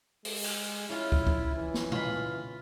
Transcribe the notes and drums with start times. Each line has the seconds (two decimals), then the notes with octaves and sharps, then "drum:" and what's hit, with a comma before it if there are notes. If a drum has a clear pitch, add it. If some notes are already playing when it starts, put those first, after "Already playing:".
0.25 G#3, drum: open hi-hat
0.44 drum: cymbal
0.90 C#4 E4 F4
1.12 drum: kick
1.27 drum: kick
1.56 E3
1.74 drum: snare
1.92 F4 B5, drum: tom A#2